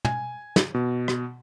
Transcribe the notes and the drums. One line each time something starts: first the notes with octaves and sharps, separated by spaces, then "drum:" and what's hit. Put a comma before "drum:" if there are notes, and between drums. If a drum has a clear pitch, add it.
G#5, drum: tom
drum: snare
B2
drum: rim click